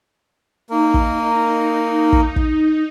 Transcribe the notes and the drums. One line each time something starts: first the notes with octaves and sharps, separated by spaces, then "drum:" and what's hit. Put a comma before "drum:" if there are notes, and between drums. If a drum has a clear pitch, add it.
A#3 D#4 A#4
drum: kick
drum: kick
drum: kick